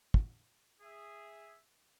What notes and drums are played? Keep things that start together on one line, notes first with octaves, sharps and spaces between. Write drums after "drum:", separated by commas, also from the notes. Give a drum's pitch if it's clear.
drum: kick
G#4 E5